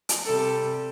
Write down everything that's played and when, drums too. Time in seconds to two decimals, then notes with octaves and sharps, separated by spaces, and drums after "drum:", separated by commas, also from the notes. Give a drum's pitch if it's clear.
0.09 drum: hi-hat
0.25 C3 G3 A4